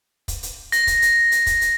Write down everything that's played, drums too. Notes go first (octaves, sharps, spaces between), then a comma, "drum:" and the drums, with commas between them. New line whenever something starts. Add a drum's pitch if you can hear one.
drum: kick, hi-hat
drum: hi-hat
A#6, drum: hi-hat
drum: kick, hi-hat
drum: hi-hat
drum: hi-hat
drum: kick, hi-hat
drum: hi-hat